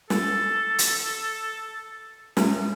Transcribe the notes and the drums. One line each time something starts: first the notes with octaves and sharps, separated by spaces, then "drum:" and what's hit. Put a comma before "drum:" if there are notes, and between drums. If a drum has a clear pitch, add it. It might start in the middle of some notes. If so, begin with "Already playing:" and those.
A4, drum: snare
drum: hi-hat
G#3 C#4, drum: snare